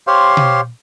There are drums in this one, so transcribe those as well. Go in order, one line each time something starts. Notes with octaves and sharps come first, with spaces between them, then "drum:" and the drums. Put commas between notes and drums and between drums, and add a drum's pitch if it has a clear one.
G4 C5 C#5 F5 C6
drum: tom B2